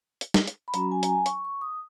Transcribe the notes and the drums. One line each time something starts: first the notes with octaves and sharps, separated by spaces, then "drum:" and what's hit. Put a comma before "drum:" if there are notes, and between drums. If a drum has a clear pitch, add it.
drum: hi-hat
drum: snare
drum: hi-hat
B5
F#3 C#4 F#4 A#5, drum: hi-hat
G#5
A#5, drum: hi-hat
G#5
C#6, drum: hi-hat
C#6
D#6